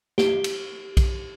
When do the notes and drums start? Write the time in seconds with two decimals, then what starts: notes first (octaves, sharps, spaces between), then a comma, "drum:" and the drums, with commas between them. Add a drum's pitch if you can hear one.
0.18 G4, drum: snare
0.44 drum: cymbal
0.97 drum: kick A#1, cymbal